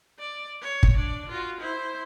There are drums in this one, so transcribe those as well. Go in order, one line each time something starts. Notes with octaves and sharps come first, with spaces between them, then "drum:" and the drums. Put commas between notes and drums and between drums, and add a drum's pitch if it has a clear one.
D5
C#5
drum: kick
D4 D5
F4 F#4
E4 C5